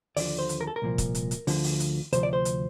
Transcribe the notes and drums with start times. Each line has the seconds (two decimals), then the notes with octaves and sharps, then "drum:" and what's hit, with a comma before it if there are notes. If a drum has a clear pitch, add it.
0.17 D#2 D3 F3 D5, drum: open hi-hat
0.39 C5
0.49 drum: hi-hat
0.61 A#4
0.67 A4
0.76 A#4
0.82 C2 A#2 F3
0.98 drum: kick, hi-hat
1.15 drum: hi-hat
1.31 drum: hi-hat
1.47 D2 D3 F3, drum: open hi-hat
1.64 drum: open hi-hat
1.80 drum: hi-hat
2.12 D2 C3 F3 C5, drum: hi-hat
2.23 D5
2.33 C5
2.45 drum: hi-hat